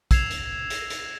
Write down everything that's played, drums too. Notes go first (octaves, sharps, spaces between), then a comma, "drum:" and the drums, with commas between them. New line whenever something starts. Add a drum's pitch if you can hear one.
E6 G#6 C7 E7 F7, drum: kick, hi-hat
drum: hi-hat
drum: hi-hat
drum: hi-hat